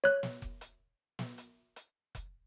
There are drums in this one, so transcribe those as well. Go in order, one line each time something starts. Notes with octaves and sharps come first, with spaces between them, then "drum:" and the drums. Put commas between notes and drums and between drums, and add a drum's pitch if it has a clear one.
C#5 F#6
drum: snare
drum: kick F1
drum: hi-hat
drum: snare
drum: hi-hat
drum: hi-hat
drum: kick F1, hi-hat